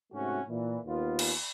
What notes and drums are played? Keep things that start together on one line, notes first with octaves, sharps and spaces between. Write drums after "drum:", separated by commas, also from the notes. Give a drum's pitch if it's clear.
G#2 C3 A3 C#4 F#4
A#2 E3
D#2 B3 F4
drum: cymbal